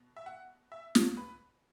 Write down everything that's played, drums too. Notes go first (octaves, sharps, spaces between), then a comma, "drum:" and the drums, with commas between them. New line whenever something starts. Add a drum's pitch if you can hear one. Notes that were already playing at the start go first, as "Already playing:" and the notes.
Already playing: B2
E5
F#5
E5
drum: snare
B4